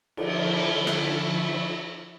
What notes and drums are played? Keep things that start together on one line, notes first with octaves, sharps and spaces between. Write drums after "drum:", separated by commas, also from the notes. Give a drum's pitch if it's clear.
D3 F3 E4 E5 B5 C#6, drum: cymbal
drum: rim click